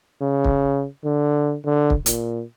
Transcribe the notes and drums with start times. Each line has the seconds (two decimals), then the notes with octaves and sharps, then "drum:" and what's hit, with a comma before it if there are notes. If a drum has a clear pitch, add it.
0.21 C#3
0.44 drum: kick
1.04 D3
1.65 D3
1.90 drum: kick
2.06 A#2, drum: hi-hat